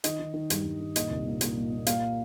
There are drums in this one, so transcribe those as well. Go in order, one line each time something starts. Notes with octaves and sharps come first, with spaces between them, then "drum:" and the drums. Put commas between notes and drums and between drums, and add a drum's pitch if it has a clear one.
D#3 D#5, drum: hi-hat
D#3
D#3
G2, drum: hi-hat
G2
D#3
A#2 D#5, drum: hi-hat
C2
A#2
A#2, drum: hi-hat
A#2
A#2
A#2 F5, drum: hi-hat